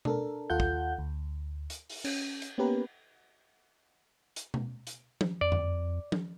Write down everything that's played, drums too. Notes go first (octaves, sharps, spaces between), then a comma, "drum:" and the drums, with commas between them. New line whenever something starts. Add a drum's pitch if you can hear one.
D4 A4 A#4, drum: tom B2
D#2 F4 A4 F#5 G6
drum: kick
D2
drum: hi-hat
drum: open hi-hat
C#4, drum: cymbal
drum: hi-hat
A#3 B3 C#4 G4 A#4 B4
drum: hi-hat
drum: tom B2
drum: hi-hat
drum: tom F3
F2 D5
drum: tom F#2
drum: tom F3